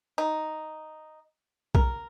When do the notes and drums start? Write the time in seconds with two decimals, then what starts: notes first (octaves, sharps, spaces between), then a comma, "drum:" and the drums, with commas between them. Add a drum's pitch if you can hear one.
0.18 D#4
1.75 A#4, drum: kick B1